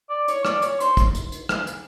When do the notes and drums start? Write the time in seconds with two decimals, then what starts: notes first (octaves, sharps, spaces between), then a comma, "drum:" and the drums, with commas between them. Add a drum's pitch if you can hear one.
0.10 D5
0.28 C#5, drum: hi-hat
0.45 D5, drum: rim click
0.62 C#5, drum: hi-hat
0.80 C5, drum: hi-hat
0.97 drum: kick, hi-hat
1.15 drum: hi-hat
1.32 drum: hi-hat
1.49 drum: rim click
1.67 drum: hi-hat